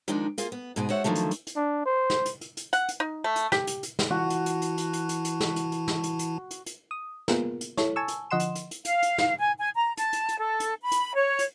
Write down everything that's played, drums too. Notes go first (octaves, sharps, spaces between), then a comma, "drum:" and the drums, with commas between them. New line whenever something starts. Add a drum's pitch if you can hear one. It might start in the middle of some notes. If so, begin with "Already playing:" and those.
D#3 F3 G#3 D4 D#4
A#3 F4 G#4, drum: hi-hat
B3
G#2 B2 G#4
G#3 F#4 C5 C#5 E5 F#5
D3 D#3 F3 F#3 A3
drum: hi-hat
drum: hi-hat
drum: hi-hat
D4
C5
drum: snare
drum: hi-hat
drum: hi-hat
drum: hi-hat
F#5, drum: hi-hat
drum: hi-hat
D#4
A3
drum: hi-hat
G4, drum: snare
drum: hi-hat
drum: hi-hat
drum: snare
E3 E4 F#4 A5
drum: hi-hat
drum: hi-hat
drum: hi-hat
drum: hi-hat
drum: hi-hat
drum: hi-hat
drum: hi-hat
drum: snare
drum: hi-hat
drum: hi-hat
drum: snare
drum: hi-hat
drum: hi-hat
drum: hi-hat
drum: hi-hat
D#6
A#3 B3 F4 G#4 A#4, drum: snare
drum: hi-hat
E4 A4 C#5, drum: snare
G#5 A5 C#6 E6
drum: hi-hat
D3 F3 D#5 F#5 C6 E7
drum: hi-hat
drum: hi-hat
drum: hi-hat
F5, drum: hi-hat
drum: hi-hat
drum: snare
G#5
G#5
A#5
A5, drum: hi-hat
drum: hi-hat
drum: hi-hat
A4
drum: hi-hat
B5
drum: hi-hat
C#5
drum: hi-hat